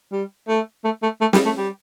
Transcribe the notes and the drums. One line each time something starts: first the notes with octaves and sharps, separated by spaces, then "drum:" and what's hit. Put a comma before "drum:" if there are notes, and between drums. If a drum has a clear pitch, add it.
G3
A3
A3
A3
A3
G3, drum: snare
A3
G3